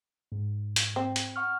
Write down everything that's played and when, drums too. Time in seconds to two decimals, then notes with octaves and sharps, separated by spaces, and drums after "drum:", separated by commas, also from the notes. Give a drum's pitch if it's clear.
0.32 G#2
0.76 drum: hi-hat
0.96 C4
1.16 drum: hi-hat
1.36 F#5 C#6 F6